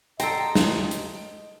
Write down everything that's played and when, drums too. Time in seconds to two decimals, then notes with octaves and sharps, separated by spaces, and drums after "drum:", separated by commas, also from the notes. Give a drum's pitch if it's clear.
0.20 A4 C5 D#5 G5 A#5, drum: hi-hat
0.55 drum: snare
0.91 drum: hi-hat